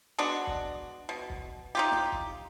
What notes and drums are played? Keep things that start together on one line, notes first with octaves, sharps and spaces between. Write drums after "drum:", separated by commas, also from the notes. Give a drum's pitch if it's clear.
G#3 B3 D4 F#4
drum: kick
B2
drum: kick
D#4 F4 G4
drum: snare
drum: kick